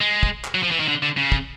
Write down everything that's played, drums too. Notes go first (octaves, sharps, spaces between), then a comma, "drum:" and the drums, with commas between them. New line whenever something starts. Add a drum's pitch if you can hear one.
G#3
drum: kick
drum: clap
F#3
F3
E3
D#3
D3
D3
C#3
drum: kick